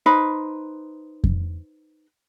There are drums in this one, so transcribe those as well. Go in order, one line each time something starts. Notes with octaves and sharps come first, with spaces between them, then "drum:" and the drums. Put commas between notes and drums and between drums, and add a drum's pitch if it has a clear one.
D#4 B4 C5
drum: kick F2